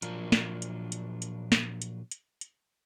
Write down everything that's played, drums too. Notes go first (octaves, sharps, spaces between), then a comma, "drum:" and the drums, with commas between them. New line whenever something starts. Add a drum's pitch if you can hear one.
A#2 F3 F#3 D4 F4 A#4, drum: hi-hat
drum: snare
drum: hi-hat
drum: hi-hat
drum: hi-hat
drum: snare
drum: hi-hat
drum: hi-hat
drum: hi-hat